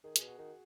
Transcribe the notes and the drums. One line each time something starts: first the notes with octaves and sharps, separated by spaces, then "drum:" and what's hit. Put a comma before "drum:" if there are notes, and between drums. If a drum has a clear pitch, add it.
D#3 G#4
G#4, drum: hi-hat
B2
F#4
D#3 F#4